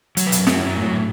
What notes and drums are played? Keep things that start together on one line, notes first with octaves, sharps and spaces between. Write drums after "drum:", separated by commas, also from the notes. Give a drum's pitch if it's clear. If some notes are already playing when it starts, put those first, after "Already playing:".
F#3, drum: hi-hat
B4
F#2, drum: hi-hat
F#2 F#4, drum: snare
F#3 E4
A2
A2